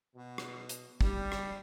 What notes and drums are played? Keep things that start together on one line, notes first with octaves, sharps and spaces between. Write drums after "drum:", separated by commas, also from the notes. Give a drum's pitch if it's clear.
B2
drum: rim click
drum: hi-hat
G3, drum: kick
drum: rim click